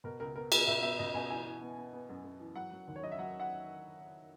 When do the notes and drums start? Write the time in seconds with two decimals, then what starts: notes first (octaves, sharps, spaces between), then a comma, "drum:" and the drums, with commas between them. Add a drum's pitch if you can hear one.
0.04 B2 A#4
0.20 C#2 A#4
0.36 B3 A#4
0.52 B3 G#4, drum: cymbal
0.67 B2 E5
0.82 B3 E5
0.99 B2 D#5
1.14 B2 G#5
1.30 E3 G#5
1.46 E3
1.61 B3
1.78 B3
1.93 B3
2.09 F#2
2.24 F#2
2.40 E3
2.56 F#3 F#5
2.71 F#3
2.88 D#2
2.96 C#5
3.03 F#3 D#5
3.12 E5
3.18 F#3 F#5
3.40 F#5